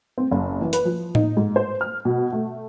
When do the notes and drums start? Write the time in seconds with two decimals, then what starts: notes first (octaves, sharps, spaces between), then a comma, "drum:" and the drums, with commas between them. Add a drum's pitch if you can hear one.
0.18 C4
0.31 F#1
0.61 E3
0.73 B4, drum: hi-hat
0.85 F3
1.15 D#4, drum: tom A2
1.37 G#2
1.56 C5
1.81 F6
2.05 B2
2.33 A3